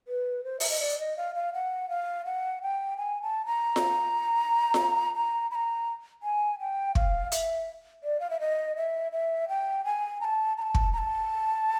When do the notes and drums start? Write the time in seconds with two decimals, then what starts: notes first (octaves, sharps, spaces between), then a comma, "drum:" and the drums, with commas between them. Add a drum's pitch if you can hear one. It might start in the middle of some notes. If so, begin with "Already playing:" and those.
0.08 B4
0.44 C5
0.60 E5, drum: open hi-hat
0.70 D#5
0.80 D5
0.99 D#5
1.17 F5
1.35 F5
1.54 F#5
1.89 F5
2.25 F#5
2.62 G5
2.97 G#5
3.22 A5
3.46 A#5
3.76 drum: snare F4
4.74 drum: snare F4
5.15 A#5
5.51 B5
5.55 A#5
6.23 G#5
6.60 G5
6.95 F5, drum: kick
7.32 E5, drum: hi-hat
8.04 D5
8.20 F5
8.30 E5
8.40 D#5
8.76 E5
9.12 E5
9.49 G5
9.85 G#5
10.21 A#5
10.25 A5
10.57 A#5
10.62 A5
10.75 drum: kick
10.93 A#5
10.98 A5